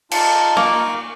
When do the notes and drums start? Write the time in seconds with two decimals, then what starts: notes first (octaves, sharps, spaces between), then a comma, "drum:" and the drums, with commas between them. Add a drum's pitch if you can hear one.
0.11 D#4 F4 A5, drum: cymbal
0.57 A#3 C#6 D6